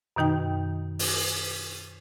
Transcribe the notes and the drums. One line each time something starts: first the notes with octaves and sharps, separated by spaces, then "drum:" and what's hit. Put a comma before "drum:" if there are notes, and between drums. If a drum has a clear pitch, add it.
F#2 B2 D#3 D#4 G5
drum: open hi-hat